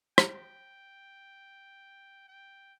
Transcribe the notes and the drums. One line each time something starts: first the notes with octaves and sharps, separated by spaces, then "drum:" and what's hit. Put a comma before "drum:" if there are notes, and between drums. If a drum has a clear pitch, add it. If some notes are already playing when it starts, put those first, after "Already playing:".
G5, drum: rim click
G5